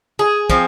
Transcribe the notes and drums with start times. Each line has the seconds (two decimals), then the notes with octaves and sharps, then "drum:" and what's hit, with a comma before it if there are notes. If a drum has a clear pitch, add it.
0.19 G#4
0.50 F3 C4, drum: kick